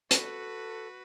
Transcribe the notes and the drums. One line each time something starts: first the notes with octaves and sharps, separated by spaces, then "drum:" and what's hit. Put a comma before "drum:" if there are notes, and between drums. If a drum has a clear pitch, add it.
F#4 A4 B4, drum: hi-hat